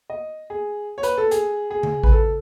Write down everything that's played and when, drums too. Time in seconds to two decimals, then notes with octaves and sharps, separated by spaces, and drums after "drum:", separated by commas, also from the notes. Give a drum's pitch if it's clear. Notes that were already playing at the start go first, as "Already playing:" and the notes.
0.10 D#5
0.50 G#4
0.98 C#5
1.03 B4, drum: hi-hat
1.18 A4
1.31 G#4, drum: hi-hat
1.71 G#4
1.83 drum: tom C#3
2.03 B4, drum: kick A1
2.12 A4